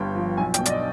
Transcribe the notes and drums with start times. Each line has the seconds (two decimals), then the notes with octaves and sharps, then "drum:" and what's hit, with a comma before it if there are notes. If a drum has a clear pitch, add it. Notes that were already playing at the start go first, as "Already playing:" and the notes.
Already playing: G1 G2 G5
0.15 F3
0.37 B1 G#5
0.54 G5, drum: hi-hat
0.59 B2
0.66 D5, drum: hi-hat
0.70 D#5